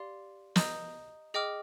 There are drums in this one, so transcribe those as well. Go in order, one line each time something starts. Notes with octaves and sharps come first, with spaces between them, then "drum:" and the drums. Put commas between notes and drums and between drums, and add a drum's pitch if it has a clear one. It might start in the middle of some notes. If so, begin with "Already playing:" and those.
Already playing: G4 D5 F5 C6
D#5 A#5 D#6 G6, drum: snare
G#4 D#5 G5 D6 F6